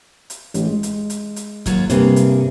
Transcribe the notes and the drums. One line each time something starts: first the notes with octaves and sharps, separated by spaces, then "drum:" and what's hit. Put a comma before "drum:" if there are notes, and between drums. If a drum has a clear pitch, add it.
drum: hi-hat
A1, drum: hi-hat
G#3
drum: hi-hat
drum: hi-hat
drum: hi-hat
D#2 F#3 F4, drum: kick, hi-hat
G2 C3 A#3 G#4, drum: hi-hat
drum: hi-hat